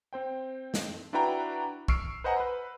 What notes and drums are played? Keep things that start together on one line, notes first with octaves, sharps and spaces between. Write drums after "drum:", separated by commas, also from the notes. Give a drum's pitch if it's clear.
C4 C5 G5
drum: snare
D4 E4 F#4 B4 G5 A#5
C#6 E6 F6 C7 D7, drum: kick B1
B4 C5 D#5 F#5 G#5 A#5
B4 B5